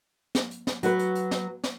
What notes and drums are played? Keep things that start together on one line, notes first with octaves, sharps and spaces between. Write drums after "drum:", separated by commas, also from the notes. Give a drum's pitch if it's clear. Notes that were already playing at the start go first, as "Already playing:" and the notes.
drum: snare
drum: hi-hat
drum: snare
F#3 F#4 B4, drum: hi-hat
drum: hi-hat
drum: hi-hat
drum: snare
drum: snare